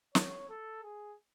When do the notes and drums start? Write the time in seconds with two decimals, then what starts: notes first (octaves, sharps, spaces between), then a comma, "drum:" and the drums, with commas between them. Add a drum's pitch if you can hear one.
0.15 C#5, drum: snare
0.50 A4
0.84 G#4